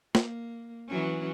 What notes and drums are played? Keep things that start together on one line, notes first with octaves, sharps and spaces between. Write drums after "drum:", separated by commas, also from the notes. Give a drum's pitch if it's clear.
A#3, drum: snare
E3 F#3 C#4